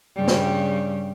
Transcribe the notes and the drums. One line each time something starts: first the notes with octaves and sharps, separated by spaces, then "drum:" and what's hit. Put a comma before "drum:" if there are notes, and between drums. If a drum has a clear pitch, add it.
G2 C#3 G3
drum: snare